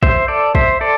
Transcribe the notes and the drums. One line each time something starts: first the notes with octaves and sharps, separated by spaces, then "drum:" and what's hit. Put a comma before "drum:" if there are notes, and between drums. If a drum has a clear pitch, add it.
C5 E5, drum: kick
A4 D5
C5 E5, drum: kick
A4 D5